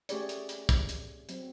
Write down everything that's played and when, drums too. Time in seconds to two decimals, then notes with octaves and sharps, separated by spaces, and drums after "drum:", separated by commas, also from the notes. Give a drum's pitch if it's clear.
0.09 A3 C#4 G4 G#4 C#5 D5, drum: hi-hat
0.29 drum: hi-hat
0.49 drum: hi-hat
0.69 drum: kick, hi-hat
0.89 drum: hi-hat
1.29 F#3 C4, drum: hi-hat